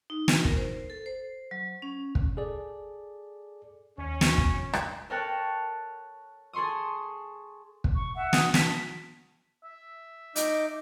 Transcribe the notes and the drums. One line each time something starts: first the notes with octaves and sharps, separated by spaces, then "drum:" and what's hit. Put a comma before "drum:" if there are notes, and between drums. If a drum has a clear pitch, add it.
D#4
drum: snare
A#4, drum: kick
C5
A4
C5
F#3
C#4
drum: kick
G#4 A4 D5
D#2 C#4
drum: snare
drum: kick
drum: rim click
A4 A#4 C#5 G5 A5 F#6
G#4 A4 C6 C#6 D#6
drum: kick
C#6
E5 F#5
D#6, drum: snare
A5 B6, drum: snare
E5
D#4 D6 G6, drum: hi-hat